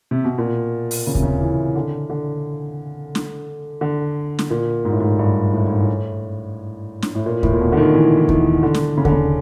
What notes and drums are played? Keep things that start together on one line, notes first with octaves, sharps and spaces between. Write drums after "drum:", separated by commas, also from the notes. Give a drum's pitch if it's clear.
C3
B2
A#2
drum: open hi-hat
C#3
C3, drum: kick D#2
C#3
E3
D3
D3
drum: snare
D3
drum: snare
A#2
G#2
A2
G#2
G2
A2
G#2
A2
drum: snare
A2
A#2
A2, drum: kick D#2
A#2
B2
D3
D#3
E3
E3
D#3, drum: kick D#2
D3
drum: snare
C#3
D3, drum: kick D#2
C#3